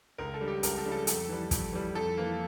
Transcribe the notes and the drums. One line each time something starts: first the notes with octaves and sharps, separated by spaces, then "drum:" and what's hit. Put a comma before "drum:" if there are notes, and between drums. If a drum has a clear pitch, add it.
C#2 A#4
A4
C#3 G3
G4
C#2 A#4, drum: hi-hat
A4
C#3 G3
A4
F2 A4, drum: hi-hat
E3 G3
F2, drum: kick, hi-hat
E3 G3
F2 A4
E3 A#3